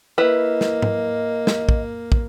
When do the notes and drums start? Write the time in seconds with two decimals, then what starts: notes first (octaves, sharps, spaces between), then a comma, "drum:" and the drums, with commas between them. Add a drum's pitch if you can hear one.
0.18 A#3 E4 B4 D#5
0.61 drum: snare
0.82 drum: tom G#2
1.47 drum: snare
1.69 drum: kick
2.12 drum: kick